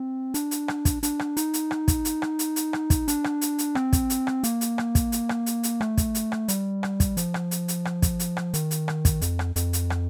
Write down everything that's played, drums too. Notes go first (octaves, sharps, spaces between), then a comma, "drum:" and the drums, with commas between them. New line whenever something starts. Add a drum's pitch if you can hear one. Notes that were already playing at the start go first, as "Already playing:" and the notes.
Already playing: C4
D4, drum: hi-hat
drum: hi-hat
drum: rim click
drum: kick, hi-hat
D4, drum: hi-hat
drum: rim click
D#4, drum: hi-hat
drum: hi-hat
drum: rim click
drum: kick, hi-hat
drum: hi-hat
drum: rim click
drum: hi-hat
drum: hi-hat
drum: rim click
drum: kick, hi-hat
D4, drum: hi-hat
drum: rim click
drum: hi-hat
drum: hi-hat
C4, drum: rim click
drum: kick, hi-hat
drum: hi-hat
drum: rim click
A#3, drum: hi-hat
drum: hi-hat
drum: rim click
drum: kick, hi-hat
drum: hi-hat
drum: rim click
drum: hi-hat
drum: hi-hat
A3, drum: rim click
drum: kick, hi-hat
drum: hi-hat
drum: rim click
G3, drum: hi-hat
drum: rim click
drum: kick, hi-hat
F3, drum: hi-hat
drum: rim click
drum: hi-hat
drum: hi-hat
drum: rim click
drum: kick, hi-hat
drum: hi-hat
drum: rim click
D#3, drum: hi-hat
drum: hi-hat
drum: rim click
drum: kick, hi-hat
F2, drum: hi-hat
drum: rim click
F2, drum: hi-hat
drum: hi-hat
drum: rim click